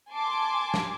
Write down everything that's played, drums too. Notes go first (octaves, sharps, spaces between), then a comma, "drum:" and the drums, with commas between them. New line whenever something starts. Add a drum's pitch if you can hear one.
G#5 A5 C6 D6
drum: snare